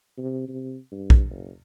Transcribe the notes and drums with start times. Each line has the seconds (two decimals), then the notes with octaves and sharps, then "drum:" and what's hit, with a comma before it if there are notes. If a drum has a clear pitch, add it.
0.17 C3
0.48 C3
0.91 G2
1.10 drum: kick A#1
1.30 F#1